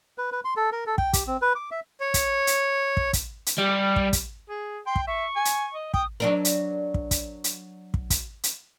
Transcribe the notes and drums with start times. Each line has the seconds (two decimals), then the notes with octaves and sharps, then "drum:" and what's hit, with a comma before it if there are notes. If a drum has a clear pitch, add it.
0.18 B4
0.32 B4
0.45 C6
0.57 A4
0.72 A#4
0.86 A4
0.98 G5, drum: kick
1.13 G4, drum: kick, hi-hat
1.27 C4
1.42 B4
1.55 D6
1.71 E5
2.01 C#5
2.14 drum: kick, hi-hat
2.47 drum: hi-hat
2.97 drum: kick
3.13 drum: kick, hi-hat
3.46 drum: hi-hat
3.58 G3
3.96 drum: kick
4.13 drum: kick, hi-hat
4.49 G#4
4.86 G5 C6
4.96 drum: kick
5.07 E5 C#6
5.36 G#5
5.45 drum: hi-hat
5.74 D#5
5.94 G5 D#6, drum: kick
6.20 F#3 D4 A#4
6.45 drum: hi-hat
6.94 drum: kick
7.11 drum: kick, hi-hat
7.44 drum: hi-hat
7.94 drum: kick
8.10 drum: kick, hi-hat
8.43 drum: hi-hat